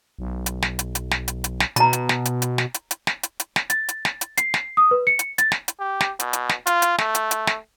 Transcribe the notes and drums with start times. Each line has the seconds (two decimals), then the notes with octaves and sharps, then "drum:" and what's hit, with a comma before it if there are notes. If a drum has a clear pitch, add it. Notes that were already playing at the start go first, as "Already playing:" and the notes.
0.19 B1
0.46 drum: hi-hat
0.62 drum: snare
0.79 drum: hi-hat
0.95 drum: hi-hat
1.11 drum: snare
1.28 drum: hi-hat
1.44 drum: hi-hat
1.60 drum: snare
1.76 B2 A#5 B5, drum: hi-hat
1.93 drum: hi-hat
2.09 drum: snare
2.25 drum: hi-hat
2.42 drum: hi-hat
2.58 drum: snare
2.74 drum: hi-hat
2.91 drum: hi-hat
3.07 drum: snare
3.23 drum: hi-hat
3.40 drum: hi-hat
3.56 drum: snare
3.70 A6, drum: hi-hat
3.89 drum: hi-hat
4.05 drum: snare
4.21 drum: hi-hat
4.37 C7, drum: hi-hat
4.54 drum: snare
4.77 D#6
4.91 B4
5.07 C#7
5.19 drum: hi-hat
5.38 A6, drum: hi-hat
5.52 drum: snare
5.68 drum: hi-hat
5.80 G4
6.00 drum: snare
6.20 B2, drum: hi-hat
6.33 drum: hi-hat
6.49 drum: snare
6.67 F4, drum: hi-hat
6.82 drum: hi-hat
6.98 A3, drum: snare
7.15 drum: hi-hat
7.31 drum: hi-hat
7.47 drum: snare